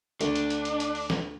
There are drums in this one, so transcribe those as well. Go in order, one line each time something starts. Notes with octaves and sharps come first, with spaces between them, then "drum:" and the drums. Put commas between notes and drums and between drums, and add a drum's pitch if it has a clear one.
D2 D4, drum: hi-hat
drum: hi-hat
drum: hi-hat
drum: hi-hat
drum: hi-hat
drum: open hi-hat
drum: snare